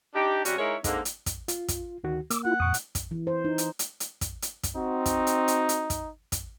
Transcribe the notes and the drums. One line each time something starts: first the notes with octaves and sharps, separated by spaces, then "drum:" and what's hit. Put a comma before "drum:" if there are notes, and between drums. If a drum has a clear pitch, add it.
D4 D#4 G4
C3 G3 C#4 F#4, drum: hi-hat
G#3 D#4 E4 A#4 C#5
D3 G#3 A#3 C4 D#4, drum: kick, hi-hat
drum: hi-hat
drum: kick, hi-hat
F4, drum: hi-hat
drum: kick, hi-hat
D2 D#3 F#4
A#3 D6 E6, drum: hi-hat
E4 F4 F#5
F2 A#2 C#6 D#6
drum: hi-hat
drum: kick, hi-hat
E3
C5
D#4
drum: hi-hat
drum: hi-hat
drum: hi-hat
drum: kick, hi-hat
drum: hi-hat
drum: kick, hi-hat
C4 D#4 F#4
drum: kick, hi-hat
drum: hi-hat
drum: hi-hat
drum: hi-hat
drum: kick, hi-hat
drum: kick, hi-hat